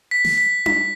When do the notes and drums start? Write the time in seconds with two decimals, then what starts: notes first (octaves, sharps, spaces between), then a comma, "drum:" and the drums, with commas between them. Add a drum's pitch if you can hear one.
0.11 B6
0.25 drum: snare
0.38 B6
0.66 B6, drum: tom D4